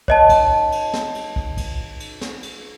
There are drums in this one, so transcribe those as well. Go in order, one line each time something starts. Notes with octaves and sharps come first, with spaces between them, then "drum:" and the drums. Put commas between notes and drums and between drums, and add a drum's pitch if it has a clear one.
C#5 D#5 A5, drum: kick
drum: kick, cymbal
drum: cymbal
drum: snare
drum: cymbal
drum: kick
drum: kick, cymbal
drum: cymbal
drum: snare
drum: cymbal